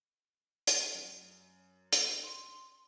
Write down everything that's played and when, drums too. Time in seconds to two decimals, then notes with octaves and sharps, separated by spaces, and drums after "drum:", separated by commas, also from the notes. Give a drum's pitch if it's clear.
0.67 drum: hi-hat
0.95 F#2
1.93 A4, drum: hi-hat
2.22 C6